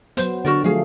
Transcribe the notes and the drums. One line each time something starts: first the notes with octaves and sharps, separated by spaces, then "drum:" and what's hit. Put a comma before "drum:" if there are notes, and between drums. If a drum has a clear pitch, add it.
F#3 B3 C5, drum: hi-hat
D3 F#4 A#4 D5
F3 F#3 A3 G#4 F5